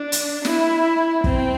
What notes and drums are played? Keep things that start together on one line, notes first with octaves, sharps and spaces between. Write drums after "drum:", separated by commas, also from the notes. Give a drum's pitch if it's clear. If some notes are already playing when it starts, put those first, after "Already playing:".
Already playing: D4
drum: hi-hat
E4, drum: snare
C4, drum: kick